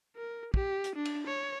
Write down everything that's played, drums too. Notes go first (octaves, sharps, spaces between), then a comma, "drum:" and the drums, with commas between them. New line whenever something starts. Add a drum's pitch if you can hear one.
A#4
G4, drum: kick
drum: hi-hat
D4
drum: cymbal
C#5